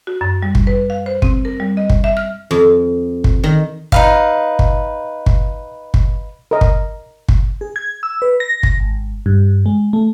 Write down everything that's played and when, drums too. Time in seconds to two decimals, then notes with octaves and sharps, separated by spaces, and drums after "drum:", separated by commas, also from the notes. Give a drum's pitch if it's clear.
0.07 F#4
0.21 F#2
0.43 G3
0.55 drum: kick
0.67 B4
0.90 F5
1.06 C5
1.22 C4, drum: kick
1.45 A#4
1.60 G3
1.77 D#5
1.90 drum: kick
2.04 E5
2.17 F6
2.51 F2
3.24 drum: kick
3.44 D#3
3.92 D#4 B4 F5, drum: kick
4.59 drum: kick
5.26 drum: kick
5.94 drum: kick
6.51 A#4 D#5
6.61 drum: kick
7.29 drum: kick
7.61 G#4
7.76 G#6
8.03 E6
8.22 B4
8.40 A#6
8.63 drum: kick
8.80 G#1
9.26 G2
9.66 G#3
9.93 A3